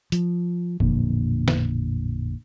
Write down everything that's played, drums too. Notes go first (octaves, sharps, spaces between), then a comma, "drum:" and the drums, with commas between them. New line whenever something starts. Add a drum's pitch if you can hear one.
F3, drum: hi-hat
A1 F2 A#2 D3, drum: kick F1
drum: snare